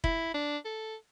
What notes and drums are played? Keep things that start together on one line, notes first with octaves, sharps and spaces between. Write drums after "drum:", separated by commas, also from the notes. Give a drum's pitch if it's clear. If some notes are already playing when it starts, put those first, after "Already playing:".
E4, drum: kick F1
D4
A4